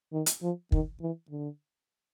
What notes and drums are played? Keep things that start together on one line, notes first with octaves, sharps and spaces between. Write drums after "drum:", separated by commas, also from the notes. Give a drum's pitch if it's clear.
D#3
drum: hi-hat
F3
D#3, drum: kick
E3
D3